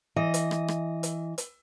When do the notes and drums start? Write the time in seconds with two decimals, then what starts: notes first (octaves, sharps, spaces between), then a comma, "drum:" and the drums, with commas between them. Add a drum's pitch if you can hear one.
0.16 E3 D#5
0.34 drum: hi-hat
0.51 drum: rim click
0.68 drum: rim click
1.03 drum: hi-hat
1.38 drum: hi-hat